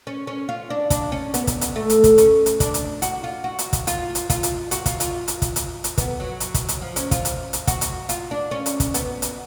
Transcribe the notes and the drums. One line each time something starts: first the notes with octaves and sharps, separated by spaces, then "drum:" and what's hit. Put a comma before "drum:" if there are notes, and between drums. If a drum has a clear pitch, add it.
C#4
C#4
F4
D4
D4, drum: kick, hi-hat
C#4
B3, drum: hi-hat
drum: kick, hi-hat
drum: hi-hat
A3
drum: hi-hat
drum: kick, hi-hat
C#4, drum: hi-hat
drum: hi-hat
D4, drum: kick, hi-hat
drum: hi-hat
F#4, drum: hi-hat
F4
F#4
drum: hi-hat
drum: kick, hi-hat
F4, drum: hi-hat
drum: hi-hat
F4, drum: kick, hi-hat
drum: hi-hat
F#4, drum: hi-hat
F4, drum: kick, hi-hat
F4, drum: hi-hat
drum: hi-hat
drum: kick, hi-hat
drum: hi-hat
drum: hi-hat
B3, drum: kick, hi-hat
F#3
drum: hi-hat
drum: kick, hi-hat
drum: hi-hat
F3
C#4, drum: hi-hat
F4, drum: kick, hi-hat
drum: hi-hat
drum: hi-hat
F#4, drum: kick, hi-hat
drum: hi-hat
F4, drum: hi-hat
D4
C#4
drum: hi-hat
drum: kick, hi-hat
B3, drum: hi-hat
drum: hi-hat